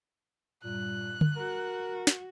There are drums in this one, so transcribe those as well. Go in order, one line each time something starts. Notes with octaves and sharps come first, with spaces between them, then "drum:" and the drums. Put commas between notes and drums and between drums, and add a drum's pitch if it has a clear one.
G2 A#2 F#6
drum: tom D3
F#4 A#4
drum: snare